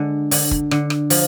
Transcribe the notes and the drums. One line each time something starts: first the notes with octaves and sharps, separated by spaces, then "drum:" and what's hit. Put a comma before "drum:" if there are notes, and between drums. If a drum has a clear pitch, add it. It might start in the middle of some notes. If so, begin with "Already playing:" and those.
Already playing: D3 G#3
D3, drum: open hi-hat
drum: kick
D3, drum: rim click
drum: rim click
F3, drum: open hi-hat